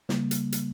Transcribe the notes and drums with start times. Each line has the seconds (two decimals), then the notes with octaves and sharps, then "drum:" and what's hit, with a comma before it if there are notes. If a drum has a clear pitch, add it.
0.09 C#3 G3 A#3, drum: snare
0.31 drum: hi-hat
0.52 drum: hi-hat